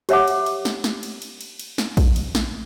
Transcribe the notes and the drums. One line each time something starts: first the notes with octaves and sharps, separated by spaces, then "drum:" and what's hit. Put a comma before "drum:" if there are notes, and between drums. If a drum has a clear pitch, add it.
G4 C#5 E5 F#5 D6, drum: cymbal
drum: cymbal
drum: cymbal
drum: snare
drum: snare
drum: cymbal
drum: cymbal
drum: cymbal
drum: cymbal
drum: snare
drum: kick A#1, cymbal
drum: cymbal
drum: snare